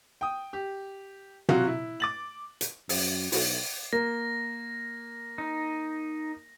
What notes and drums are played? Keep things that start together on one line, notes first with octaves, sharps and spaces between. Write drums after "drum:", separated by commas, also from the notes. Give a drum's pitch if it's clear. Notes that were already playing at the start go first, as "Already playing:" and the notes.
G5 D#6
G4
C3 F#3 F4 F#4, drum: tom
E4
D6 A6 F#7
drum: hi-hat
F#2 G#4, drum: open hi-hat
B1 E4 F#4 A4, drum: open hi-hat
A#3 A#6
D#4